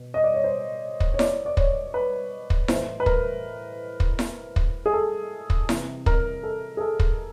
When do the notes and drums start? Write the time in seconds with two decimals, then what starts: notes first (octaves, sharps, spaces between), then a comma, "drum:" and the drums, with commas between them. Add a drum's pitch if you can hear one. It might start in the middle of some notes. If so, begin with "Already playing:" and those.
Already playing: B2
0.14 D#5
0.24 D5
0.34 C#5
0.44 C5
1.00 drum: kick
1.14 C#5
1.19 D5, drum: snare E4
1.46 D5
1.57 C#5, drum: kick
1.94 B4
2.50 drum: kick
2.68 A2 E3 C5, drum: snare E4
3.00 B4
3.06 A#4, drum: kick
4.00 drum: kick
4.19 drum: snare E4
4.56 drum: kick
4.86 G#4
4.93 A4
5.50 drum: kick
5.69 C3 E3, drum: snare E4
6.06 A#4, drum: kick
6.43 A4
6.77 G#4
6.81 A4
7.00 drum: kick